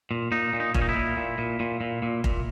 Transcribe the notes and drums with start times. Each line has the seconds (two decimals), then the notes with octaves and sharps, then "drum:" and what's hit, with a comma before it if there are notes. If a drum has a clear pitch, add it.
0.11 A#2
0.32 A#2 D#4
0.53 A#2
0.60 D#4
0.74 A#2 C#4, drum: kick F1
0.82 D#4
0.89 E4
0.95 A#2
1.17 A#2
1.38 A#2
1.60 A#2
1.81 A#2
2.02 A#2
2.24 A#2, drum: kick F1